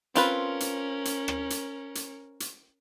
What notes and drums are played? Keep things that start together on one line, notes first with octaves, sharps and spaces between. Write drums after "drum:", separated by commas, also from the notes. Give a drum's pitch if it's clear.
C4 C#4 F4 A#4 B4, drum: hi-hat
drum: hi-hat
drum: hi-hat
drum: rim click
drum: hi-hat
drum: hi-hat
drum: hi-hat